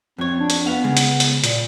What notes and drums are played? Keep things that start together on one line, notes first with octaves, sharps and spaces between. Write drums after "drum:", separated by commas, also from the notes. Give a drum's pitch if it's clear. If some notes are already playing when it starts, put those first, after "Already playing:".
F2 C4 C#5
D4
drum: hi-hat
B3 B4 F5 F#5
C#3 G#3
drum: hi-hat
drum: hi-hat
A#2, drum: hi-hat